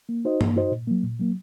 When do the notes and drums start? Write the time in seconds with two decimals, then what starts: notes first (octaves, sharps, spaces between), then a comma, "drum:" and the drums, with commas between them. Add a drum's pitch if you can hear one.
0.09 A#3
0.25 D#4 F#4 C5 D#5
0.41 A#3, drum: tom G2
0.56 D#4 F#4 C5 D#5
0.71 A#2
0.87 F#3 A#3
1.03 A#2
1.19 F#3 A#3